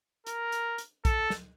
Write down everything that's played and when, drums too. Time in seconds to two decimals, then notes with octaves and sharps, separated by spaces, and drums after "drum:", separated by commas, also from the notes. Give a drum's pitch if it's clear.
0.27 A#4, drum: hi-hat
0.52 drum: hi-hat
0.78 drum: hi-hat
1.05 A4, drum: kick A#1, hi-hat
1.30 drum: snare